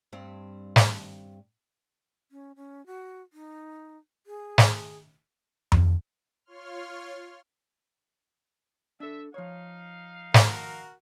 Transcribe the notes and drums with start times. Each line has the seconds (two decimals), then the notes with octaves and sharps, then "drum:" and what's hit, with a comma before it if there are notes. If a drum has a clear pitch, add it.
0.13 G2 C4
0.76 drum: snare
2.31 C#4
2.56 C#4
2.86 F#4
3.33 D#4
4.26 G#4
4.58 drum: snare
5.72 drum: tom F2
6.45 F4 C#5 C6 F6
9.00 D4 A4 E5
9.34 F3 D#4 C#5 F5
10.34 F#4 A#4, drum: snare